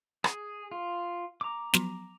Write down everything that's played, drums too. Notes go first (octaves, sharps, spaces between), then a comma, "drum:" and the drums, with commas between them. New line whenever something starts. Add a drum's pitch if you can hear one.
G#4, drum: rim click
F4
A#5 D6
F3 F#3 B3, drum: snare